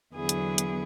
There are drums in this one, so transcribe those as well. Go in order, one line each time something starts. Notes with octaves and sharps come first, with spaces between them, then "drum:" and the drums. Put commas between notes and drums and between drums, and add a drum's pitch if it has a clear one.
E2 D3 F#3 B3 E4 G#4
drum: hi-hat
drum: hi-hat